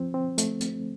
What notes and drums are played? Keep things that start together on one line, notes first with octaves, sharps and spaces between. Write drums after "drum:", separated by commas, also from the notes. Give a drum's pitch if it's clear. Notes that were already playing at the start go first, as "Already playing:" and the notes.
Already playing: F3 C4
C4
A3, drum: hi-hat
drum: hi-hat